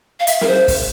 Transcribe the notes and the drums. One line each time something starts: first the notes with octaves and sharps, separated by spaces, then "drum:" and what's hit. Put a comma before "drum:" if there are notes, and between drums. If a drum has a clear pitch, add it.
F5
E5, drum: hi-hat
A#4, drum: snare
C5
drum: kick, open hi-hat